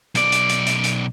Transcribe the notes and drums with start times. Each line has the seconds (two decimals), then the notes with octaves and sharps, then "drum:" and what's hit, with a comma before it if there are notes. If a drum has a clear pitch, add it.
0.15 B1 D5, drum: hi-hat
0.32 drum: hi-hat
0.49 drum: hi-hat
0.67 drum: hi-hat
0.84 drum: hi-hat